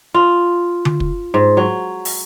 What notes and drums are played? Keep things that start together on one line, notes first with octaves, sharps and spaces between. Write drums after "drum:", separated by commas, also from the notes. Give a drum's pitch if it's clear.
F4
drum: tom D3
drum: kick
G#2
F#3
drum: open hi-hat